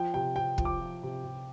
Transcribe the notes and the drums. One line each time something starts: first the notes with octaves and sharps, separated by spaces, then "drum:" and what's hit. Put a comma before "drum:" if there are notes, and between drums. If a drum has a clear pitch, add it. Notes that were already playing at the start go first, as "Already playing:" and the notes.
Already playing: F3 G5
C3 G5
C3 G5
F3, drum: kick
D6
F3
C3
C3